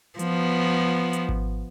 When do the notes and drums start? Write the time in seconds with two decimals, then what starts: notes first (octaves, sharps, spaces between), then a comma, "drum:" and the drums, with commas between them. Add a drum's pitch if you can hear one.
0.19 F3 B3, drum: hi-hat
1.13 drum: hi-hat
1.29 drum: kick G#1